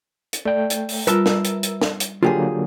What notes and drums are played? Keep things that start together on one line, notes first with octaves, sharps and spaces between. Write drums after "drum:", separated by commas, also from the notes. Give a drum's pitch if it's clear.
drum: hi-hat
A3 D5 G5
drum: hi-hat
drum: open hi-hat
G3 F4 A#4 B4 E5 A5 E6, drum: hi-hat
drum: snare
drum: hi-hat
drum: hi-hat
drum: snare
drum: hi-hat
D3 F#3 A#3 F4 G4 G#4